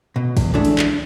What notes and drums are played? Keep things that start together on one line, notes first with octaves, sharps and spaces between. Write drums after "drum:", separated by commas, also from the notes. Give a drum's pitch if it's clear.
B2
E2, drum: kick, cymbal
E3 G#3 A3 D4
drum: cymbal
drum: clap